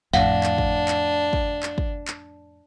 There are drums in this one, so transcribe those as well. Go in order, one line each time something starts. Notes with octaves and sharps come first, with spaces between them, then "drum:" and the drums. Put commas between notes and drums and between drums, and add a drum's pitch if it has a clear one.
F2 A2 D4 F5 F#5, drum: kick
drum: clap
drum: kick
drum: clap
drum: kick
drum: clap
drum: kick
drum: clap